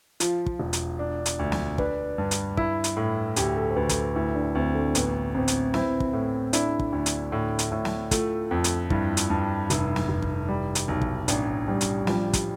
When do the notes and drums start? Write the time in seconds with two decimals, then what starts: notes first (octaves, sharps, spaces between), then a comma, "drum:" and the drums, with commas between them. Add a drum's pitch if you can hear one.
0.20 F3 F4, drum: hi-hat
0.46 drum: kick
0.60 E1
0.73 drum: hi-hat
0.99 D4
1.26 drum: hi-hat
1.39 D2
1.52 drum: snare
1.78 D4 B4, drum: kick
2.18 G2
2.31 drum: hi-hat
2.57 E4, drum: kick
2.84 drum: hi-hat
2.97 A2
3.36 D2 G4, drum: hi-hat
3.57 A4
3.70 C5
3.76 D2 B4
3.89 drum: kick, hi-hat
4.16 D2 E4
4.36 D4
4.55 D2 C4
4.75 A3
4.95 A1 B3, drum: hi-hat
5.35 A1 C4
5.48 drum: hi-hat
5.74 C4 E4, drum: snare
6.00 drum: kick
6.13 A2
6.53 D4 E4, drum: hi-hat
6.79 drum: kick
6.92 D2
7.06 drum: hi-hat
7.32 A2
7.59 drum: hi-hat
7.72 A2
7.85 drum: snare
8.11 A3 F4, drum: kick, hi-hat
8.51 F2
8.64 drum: hi-hat
8.90 G2 E4, drum: kick
9.17 drum: hi-hat
9.30 G2
9.70 F1, drum: hi-hat
9.96 drum: snare
10.09 F1
10.22 drum: kick
10.49 G3
10.75 drum: hi-hat
10.88 B1
11.02 drum: kick
11.28 A1 D4, drum: hi-hat
11.67 A1 G3
11.81 drum: hi-hat
12.07 F3 G3, drum: snare
12.33 drum: kick, hi-hat